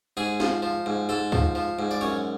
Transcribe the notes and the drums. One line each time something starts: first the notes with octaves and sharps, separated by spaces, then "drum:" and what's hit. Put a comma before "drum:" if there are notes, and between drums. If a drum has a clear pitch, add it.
G#2 G#4
F3, drum: snare
F3
G#2
G#2 A4
F3, drum: kick C#2
F3
G#2
D5
F#2 C#5